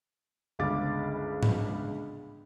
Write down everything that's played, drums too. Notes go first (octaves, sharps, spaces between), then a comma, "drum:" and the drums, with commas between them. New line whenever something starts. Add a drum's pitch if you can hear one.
G1 C#2 C#3 F5 D6 A6
drum: tom G#2